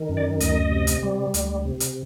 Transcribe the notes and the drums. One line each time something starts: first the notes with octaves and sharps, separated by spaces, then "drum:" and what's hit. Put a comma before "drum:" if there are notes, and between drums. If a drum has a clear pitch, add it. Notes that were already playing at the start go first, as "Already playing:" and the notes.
Already playing: D#3
F#2
D5
D2 D#5, drum: hi-hat
C3
drum: hi-hat
G3
D2, drum: hi-hat
C3
drum: hi-hat